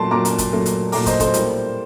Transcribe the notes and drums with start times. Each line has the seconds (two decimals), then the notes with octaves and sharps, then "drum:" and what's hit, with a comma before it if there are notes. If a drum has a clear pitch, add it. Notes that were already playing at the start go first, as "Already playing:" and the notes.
Already playing: A#2 F#3 A3 A5 C6
0.11 A#2 F#3 A3 A#5 D6
0.25 drum: hi-hat
0.38 drum: kick, hi-hat
0.52 A#2 F#3 A3
0.66 drum: hi-hat
0.92 A#2 F#3 A3 A#5 D6, drum: open hi-hat
1.06 C5 D#5, drum: kick, hi-hat
1.20 A4 C5, drum: kick, hi-hat
1.34 A2 G3 A#3, drum: hi-hat